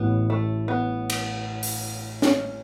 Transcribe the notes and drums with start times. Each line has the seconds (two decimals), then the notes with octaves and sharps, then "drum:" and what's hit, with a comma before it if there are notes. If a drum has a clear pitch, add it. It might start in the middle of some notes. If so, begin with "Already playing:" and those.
Already playing: A1 A2 E3 B3
0.30 A3
0.68 B3
1.10 drum: cymbal
1.63 drum: open hi-hat
2.22 C#4, drum: snare